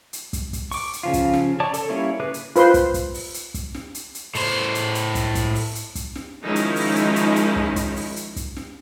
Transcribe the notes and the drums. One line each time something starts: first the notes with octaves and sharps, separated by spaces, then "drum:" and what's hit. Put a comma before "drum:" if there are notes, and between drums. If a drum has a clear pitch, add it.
drum: hi-hat
drum: kick, hi-hat
drum: kick, hi-hat
C#6 D6, drum: open hi-hat
drum: hi-hat
C#3 F3 F4
drum: kick, hi-hat
drum: snare
C#5 D5 A5 C#6 D6
A4, drum: hi-hat
G3 A#3 C#4 E4 C#5
C#3 G#4 B4 D6 F#6
drum: hi-hat
F4 B4 C5 C6, drum: hi-hat
drum: kick, hi-hat
drum: kick, hi-hat
drum: open hi-hat
drum: hi-hat
drum: kick, hi-hat
drum: snare
drum: hi-hat
drum: hi-hat
A2 C5, drum: open hi-hat
drum: hi-hat
drum: hi-hat
drum: kick, hi-hat
drum: kick, hi-hat
drum: open hi-hat
drum: hi-hat
drum: kick, hi-hat
drum: snare
D#3 F3 G#3 C#4 D#4 E4
drum: hi-hat
drum: open hi-hat
drum: hi-hat
drum: hi-hat
drum: hi-hat
drum: kick
drum: kick, hi-hat
drum: open hi-hat
drum: hi-hat
drum: kick, hi-hat
drum: snare